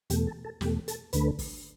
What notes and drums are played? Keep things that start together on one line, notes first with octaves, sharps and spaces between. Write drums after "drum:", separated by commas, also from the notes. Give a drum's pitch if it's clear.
E2 B2 A3 G4, drum: hi-hat
A4
A4
E2 B2 A3 G4, drum: snare
A4, drum: hi-hat
D2 D3 A3 B4, drum: hi-hat
drum: kick, open hi-hat